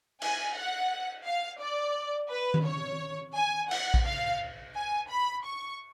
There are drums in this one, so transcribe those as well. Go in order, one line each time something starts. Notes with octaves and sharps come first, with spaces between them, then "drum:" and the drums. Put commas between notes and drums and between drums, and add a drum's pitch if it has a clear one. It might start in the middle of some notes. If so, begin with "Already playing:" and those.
G#5, drum: cymbal
F#5
F5
D5
B4
drum: tom D#3
C#5
G#5
F#5, drum: cymbal
drum: kick A#1
F5
G#5
B5
C#6